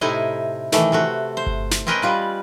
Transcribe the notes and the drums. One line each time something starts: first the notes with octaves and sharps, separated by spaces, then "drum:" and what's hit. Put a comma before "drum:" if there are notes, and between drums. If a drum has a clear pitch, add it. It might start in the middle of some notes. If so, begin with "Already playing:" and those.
A2 C3 D#4 E4 D#5
D#3 E3 A3, drum: snare
C3 A3 F#4
C5
drum: kick G1
drum: snare
C4 C#4 A#4 B4 D#5 G5
G3 F4 B4